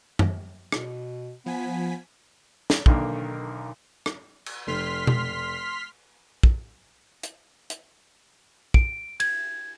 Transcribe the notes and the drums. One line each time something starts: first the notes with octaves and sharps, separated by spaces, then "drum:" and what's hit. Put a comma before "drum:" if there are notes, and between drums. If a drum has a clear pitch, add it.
drum: tom F#2
B2, drum: rim click
F3 B3 G#5 B6
drum: snare
B1 D3 D#3 A#3, drum: kick
drum: rim click
drum: cymbal
F1 C6 F6 B6
drum: tom B2
drum: kick
drum: hi-hat
drum: hi-hat
D7, drum: kick
G#6, drum: cymbal